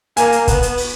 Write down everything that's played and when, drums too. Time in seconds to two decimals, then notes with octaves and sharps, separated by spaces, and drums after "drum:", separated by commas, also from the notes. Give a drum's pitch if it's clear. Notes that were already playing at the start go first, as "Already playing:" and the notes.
0.17 A#3 G#5, drum: hi-hat
0.32 drum: hi-hat
0.48 B3, drum: kick, hi-hat
0.63 drum: hi-hat
0.78 drum: open hi-hat